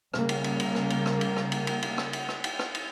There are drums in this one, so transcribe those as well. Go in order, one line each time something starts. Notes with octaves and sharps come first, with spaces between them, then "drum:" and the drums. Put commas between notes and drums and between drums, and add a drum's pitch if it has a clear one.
C#3 G3 A#3, drum: rim click
drum: cymbal
drum: cymbal
drum: cymbal
drum: rim click
drum: cymbal
drum: rim click
drum: cymbal
drum: rim click
drum: cymbal
drum: cymbal
drum: cymbal
drum: rim click
drum: cymbal
drum: rim click
drum: cymbal
drum: rim click
drum: cymbal